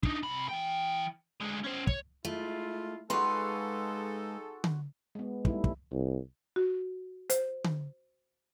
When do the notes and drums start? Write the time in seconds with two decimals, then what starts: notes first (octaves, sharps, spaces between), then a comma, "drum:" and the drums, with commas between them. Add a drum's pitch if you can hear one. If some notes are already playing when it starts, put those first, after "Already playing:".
0.03 D4 D#4, drum: kick
0.23 C3 B5
0.48 E3 G5
1.41 D3 G#3
1.64 C#4 C5
1.87 C#5, drum: kick
2.25 G#3 A3 E4 F4
3.10 G#3 D#4 F#4 G#4 A4 B4 F5 C6
4.64 drum: tom D3
5.15 G#3 B3
5.45 G3 A3 D#4 E4, drum: kick
5.64 drum: kick
5.92 C2
6.56 F#4
7.30 C5, drum: hi-hat
7.64 drum: tom D3